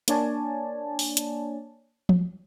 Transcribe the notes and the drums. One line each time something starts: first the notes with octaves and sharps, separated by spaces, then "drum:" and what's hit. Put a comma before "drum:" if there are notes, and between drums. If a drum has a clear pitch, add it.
A#3 D4 C#5 D5 G#5 A5, drum: hi-hat
drum: open hi-hat
drum: hi-hat
drum: tom F3